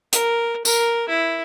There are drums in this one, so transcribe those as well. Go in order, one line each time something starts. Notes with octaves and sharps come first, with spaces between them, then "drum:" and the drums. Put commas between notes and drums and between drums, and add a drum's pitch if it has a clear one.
A#4, drum: hi-hat
A#4, drum: tambourine
E4